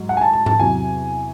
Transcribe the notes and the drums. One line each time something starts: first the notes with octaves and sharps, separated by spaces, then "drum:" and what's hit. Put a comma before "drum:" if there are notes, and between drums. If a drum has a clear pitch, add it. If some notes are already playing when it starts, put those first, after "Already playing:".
Already playing: G#2 F#3
F#5
G#5
A5
A5
A5, drum: tom G#2
E2 C3 F#3 G#5